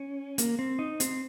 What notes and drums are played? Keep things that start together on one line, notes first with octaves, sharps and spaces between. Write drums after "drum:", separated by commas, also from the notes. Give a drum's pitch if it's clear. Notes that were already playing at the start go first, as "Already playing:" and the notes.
Already playing: C#4
A#3, drum: hi-hat
C4
D#4
C4, drum: hi-hat